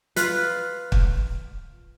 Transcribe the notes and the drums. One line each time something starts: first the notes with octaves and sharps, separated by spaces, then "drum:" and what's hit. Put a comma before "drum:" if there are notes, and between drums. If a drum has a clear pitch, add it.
F4 B4, drum: hi-hat
drum: kick